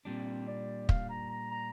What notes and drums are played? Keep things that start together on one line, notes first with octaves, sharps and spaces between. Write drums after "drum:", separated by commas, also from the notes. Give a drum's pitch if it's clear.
A#2 G3 C4 D4
D5
F5, drum: kick
A#5
A#5
A#5